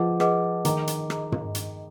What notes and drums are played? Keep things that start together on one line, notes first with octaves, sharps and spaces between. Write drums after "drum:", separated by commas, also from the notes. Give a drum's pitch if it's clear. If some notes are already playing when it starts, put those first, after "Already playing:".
Already playing: F3 G#4 B4 D#5 F#5 D6
G#4 B4 D#5 F#5 D6, drum: rim click
D#3 G#4 D#5 A#5 D6, drum: hi-hat
drum: hi-hat
G#4 D#5 A#5 D6, drum: rim click
drum: tom
drum: hi-hat